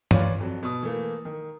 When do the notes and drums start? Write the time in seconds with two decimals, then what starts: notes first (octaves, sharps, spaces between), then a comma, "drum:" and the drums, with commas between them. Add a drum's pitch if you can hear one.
0.11 F4 B4 C#5 D5 F5, drum: tom G2
0.40 F2 F#3
0.63 B2 D#6
0.83 E3 A3 A#3
1.25 D#3